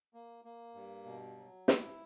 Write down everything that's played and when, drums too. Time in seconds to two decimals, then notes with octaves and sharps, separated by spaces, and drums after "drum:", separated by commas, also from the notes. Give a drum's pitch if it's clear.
0.14 A#3
0.45 A#3
0.75 G2
1.06 B2
1.37 F#3
1.68 E4, drum: snare